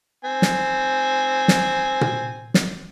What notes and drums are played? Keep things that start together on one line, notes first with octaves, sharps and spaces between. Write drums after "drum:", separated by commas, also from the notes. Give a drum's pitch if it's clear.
C4 G#5
drum: snare
drum: snare
drum: tom A#2
drum: snare